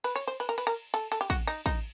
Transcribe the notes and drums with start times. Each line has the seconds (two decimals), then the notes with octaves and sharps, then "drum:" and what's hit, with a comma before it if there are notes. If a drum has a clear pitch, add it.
0.04 B4, drum: cymbal
0.16 C#5
0.27 C5
0.40 B4, drum: cymbal
0.49 A#4
0.58 B4, drum: cymbal
0.67 A#4
0.94 A4, drum: cymbal
1.12 A4, drum: cymbal
1.21 G4
1.30 F#4, drum: kick, cymbal
1.47 D#4, drum: cymbal
1.66 D#4, drum: kick, cymbal